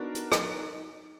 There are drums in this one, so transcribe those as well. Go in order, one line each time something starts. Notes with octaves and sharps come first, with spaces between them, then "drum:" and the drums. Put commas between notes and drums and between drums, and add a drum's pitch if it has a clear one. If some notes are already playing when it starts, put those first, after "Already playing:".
Already playing: B3 D4 D#4 F#4 A#4
drum: hi-hat
drum: rim click